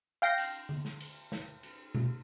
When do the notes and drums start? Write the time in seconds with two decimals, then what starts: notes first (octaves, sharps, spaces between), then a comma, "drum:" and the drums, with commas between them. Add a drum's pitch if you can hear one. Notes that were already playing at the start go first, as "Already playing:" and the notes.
0.22 F5 G5 A#6 C7
0.38 drum: cymbal
0.69 drum: tom D3
0.85 drum: snare
1.00 drum: cymbal
1.32 drum: snare
1.63 drum: cymbal
1.95 drum: tom B2